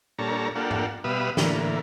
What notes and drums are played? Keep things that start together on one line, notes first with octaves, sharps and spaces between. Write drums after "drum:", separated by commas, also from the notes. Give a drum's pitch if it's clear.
A#2 G3 D4 A4 C#5 A#5
A#3 D4 F4 G4 A4 F#5
drum: tom G#2
B2 G3 B4 E5 F5 D#6
A2 D3 E3 A#3, drum: snare